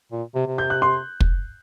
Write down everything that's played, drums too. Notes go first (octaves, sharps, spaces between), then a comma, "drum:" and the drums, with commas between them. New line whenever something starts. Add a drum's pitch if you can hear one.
A#2
C3
C3
G6
F#6
C6
drum: kick